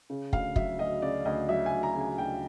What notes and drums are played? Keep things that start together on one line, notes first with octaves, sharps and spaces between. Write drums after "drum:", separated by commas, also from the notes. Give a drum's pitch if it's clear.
C#3
D2 F5, drum: kick
F#3 E5, drum: kick
D2 D#5
C#3 D5
D2 D#5
F#3 E5
G#5
D2
A#5
C#3
G#5
D2 G5